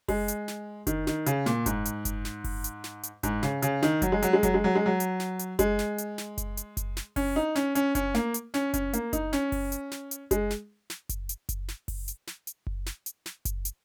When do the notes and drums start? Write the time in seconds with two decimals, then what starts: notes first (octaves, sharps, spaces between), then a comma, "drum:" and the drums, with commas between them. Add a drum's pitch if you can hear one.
0.08 G#3, drum: kick F#1, open hi-hat
0.28 drum: hi-hat
0.48 drum: snare
0.87 D#3, drum: kick F#1, hi-hat
1.07 D#3, drum: snare
1.26 C#3, drum: hi-hat
1.46 A#2, drum: snare
1.66 G#2, drum: kick F#1, hi-hat
1.85 drum: hi-hat
2.05 drum: kick F#1, hi-hat
2.25 drum: snare
2.44 drum: kick F#1, open hi-hat
2.64 drum: hi-hat
2.84 drum: snare
3.03 drum: hi-hat
3.23 G#2, drum: kick F#1, hi-hat
3.43 C#3, drum: snare
3.62 C#3, drum: hi-hat
3.82 D#3, drum: snare
4.02 F#3, drum: kick F#1, hi-hat
4.12 G#3
4.22 F#3, drum: hi-hat
4.33 G#3
4.43 F#3, drum: kick F#1, hi-hat
4.54 G#3
4.64 F#3
4.75 G#3
4.86 F#3
5.00 drum: hi-hat
5.20 drum: snare
5.39 drum: hi-hat
5.59 G#3, drum: kick F#1, hi-hat
5.79 drum: snare
5.98 drum: hi-hat
6.18 drum: snare
6.38 drum: kick F#1, hi-hat
6.57 drum: hi-hat
6.77 drum: kick F#1, hi-hat
6.97 drum: snare
7.16 C#4, drum: kick F#1, open hi-hat
7.36 D#4
7.55 C#4, drum: snare
7.75 C#4, drum: hi-hat
7.95 C#4, drum: kick F#1, hi-hat
8.14 A#3, drum: snare
8.34 drum: hi-hat
8.54 C#4, drum: snare
8.74 C#4, drum: kick F#1, hi-hat
8.93 A#3, drum: hi-hat
9.13 D#4, drum: kick F#1, hi-hat
9.33 C#4, drum: snare
9.52 drum: kick F#1, open hi-hat
9.72 drum: hi-hat
9.91 drum: snare
10.11 drum: hi-hat
10.31 G#3, drum: kick F#1, hi-hat
10.50 drum: snare
10.90 drum: snare
11.09 drum: kick F#1, hi-hat
11.29 drum: hi-hat
11.49 drum: kick F#1, hi-hat
11.68 drum: snare
11.88 drum: kick F#1, open hi-hat
12.08 drum: hi-hat
12.27 drum: snare
12.47 drum: hi-hat
12.67 drum: kick F#1
12.86 drum: snare
13.06 drum: hi-hat
13.26 drum: snare
13.45 drum: kick F#1, hi-hat
13.65 drum: hi-hat